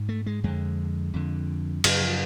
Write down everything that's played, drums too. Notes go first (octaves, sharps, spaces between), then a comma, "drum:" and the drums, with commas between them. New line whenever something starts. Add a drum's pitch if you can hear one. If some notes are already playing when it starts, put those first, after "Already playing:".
Already playing: G#2
A3
G#3
F2 D3 G#3
F2 D3
F#2 C#3, drum: cymbal
F3